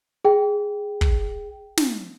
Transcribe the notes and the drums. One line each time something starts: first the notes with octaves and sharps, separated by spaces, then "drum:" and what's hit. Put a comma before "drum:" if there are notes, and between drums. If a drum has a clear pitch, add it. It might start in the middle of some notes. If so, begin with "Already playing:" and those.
G#4 G5
drum: kick
drum: snare